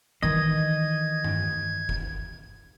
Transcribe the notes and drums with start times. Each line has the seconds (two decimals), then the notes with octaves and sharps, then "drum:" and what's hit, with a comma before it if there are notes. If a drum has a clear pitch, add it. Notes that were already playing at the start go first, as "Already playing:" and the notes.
0.22 D#3 E3 D#5 G#6
1.24 drum: tom G2
1.89 drum: kick F#1